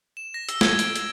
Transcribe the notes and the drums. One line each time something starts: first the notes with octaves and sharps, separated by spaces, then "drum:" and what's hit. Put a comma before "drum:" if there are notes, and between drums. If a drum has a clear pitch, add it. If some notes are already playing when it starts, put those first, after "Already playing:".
E7
A#6
E6, drum: hi-hat
G#6, drum: snare
D7, drum: hi-hat
G#6, drum: hi-hat